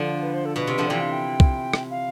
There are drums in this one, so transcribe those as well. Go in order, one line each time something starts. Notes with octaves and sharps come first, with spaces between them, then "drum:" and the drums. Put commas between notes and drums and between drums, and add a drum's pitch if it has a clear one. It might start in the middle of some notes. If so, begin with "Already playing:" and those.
Already playing: D3 F3
B4
C5
A4
B2 B4
C3
D3 F3
C3 E3 G5
F5
G5
drum: kick
drum: rim click
F5